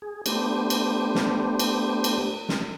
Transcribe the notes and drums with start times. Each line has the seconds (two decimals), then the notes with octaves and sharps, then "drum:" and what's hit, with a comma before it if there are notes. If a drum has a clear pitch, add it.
0.02 G#4
0.26 A3 B3 D4 G4 C5, drum: cymbal
0.70 drum: cymbal
1.15 drum: snare
1.59 drum: cymbal
2.04 drum: cymbal
2.49 drum: snare